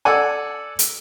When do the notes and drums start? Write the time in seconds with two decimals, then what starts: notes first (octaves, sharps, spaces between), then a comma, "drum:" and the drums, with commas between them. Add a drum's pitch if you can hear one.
0.05 A4 D5 F#5 G#5
0.79 drum: hi-hat